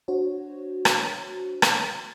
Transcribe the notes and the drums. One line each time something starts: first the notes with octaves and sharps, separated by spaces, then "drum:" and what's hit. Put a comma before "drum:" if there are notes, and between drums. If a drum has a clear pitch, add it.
D4 F#4 C5 C#5
drum: rim click
drum: rim click